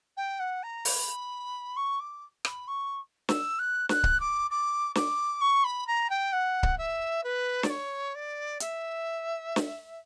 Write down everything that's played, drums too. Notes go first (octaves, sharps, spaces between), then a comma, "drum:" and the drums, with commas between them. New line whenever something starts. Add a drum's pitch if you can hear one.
G5
F#5
A#5
B5, drum: open hi-hat
C#6
D6
B5, drum: rim click
C#6
E6, drum: snare
F#6
F#6, drum: snare
drum: kick C#1
D6
D6
D6, drum: snare
C#6
B5
A#5
G5
F#5
drum: kick C#1
E5
B4
D5, drum: snare
C#5
D5
E5, drum: hi-hat
drum: snare